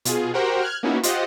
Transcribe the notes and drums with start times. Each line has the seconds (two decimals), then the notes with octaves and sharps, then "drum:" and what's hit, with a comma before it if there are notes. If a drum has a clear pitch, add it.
0.05 B2 F4 G#4, drum: hi-hat
0.34 F#4 G4 A#4 C5 F#5 G5
0.62 F6 F#6 G#6
0.83 A#3 B3 C#4 D#4 E4 F#4
1.03 F4 G4 C5 D#5 F#5, drum: hi-hat